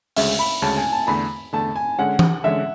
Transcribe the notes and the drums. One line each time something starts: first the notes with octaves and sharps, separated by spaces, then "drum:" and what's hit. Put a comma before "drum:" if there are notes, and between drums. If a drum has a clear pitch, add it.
D2 C#3 G#3 C#4 E5, drum: open hi-hat
B5
D2 C#3 G#3 C#4 A5
G#5
A5
E2 D3 A3 B5
E2 D3 A3 A5
G#5
D3 G#3 C#4 F#5
drum: tom E3
D3 G#3 C#4 E5